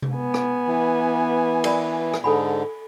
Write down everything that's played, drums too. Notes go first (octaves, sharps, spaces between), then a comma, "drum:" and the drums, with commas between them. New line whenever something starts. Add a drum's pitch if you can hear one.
drum: tom C3
B3 G#5
drum: rim click
E3
A#4 D5 B5, drum: cymbal
drum: rim click
G#2 D3 A4 G#5 B5